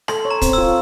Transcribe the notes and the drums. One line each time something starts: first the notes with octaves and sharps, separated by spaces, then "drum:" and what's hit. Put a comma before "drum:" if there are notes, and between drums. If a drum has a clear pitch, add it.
A4 C6, drum: rim click
C#5
A#5
C4, drum: kick, hi-hat
F4 E6